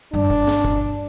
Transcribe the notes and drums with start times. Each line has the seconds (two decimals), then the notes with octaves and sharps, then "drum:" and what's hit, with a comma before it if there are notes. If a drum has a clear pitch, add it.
0.13 G2 D4
0.30 drum: kick
0.47 drum: snare
0.65 drum: kick